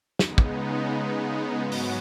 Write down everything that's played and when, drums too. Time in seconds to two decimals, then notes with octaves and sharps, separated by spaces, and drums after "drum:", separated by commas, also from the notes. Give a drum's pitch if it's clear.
0.19 C#3 G#3 B3 D#4, drum: snare
0.38 drum: kick
1.60 G#2 F#3 B3 F#4
1.72 drum: open hi-hat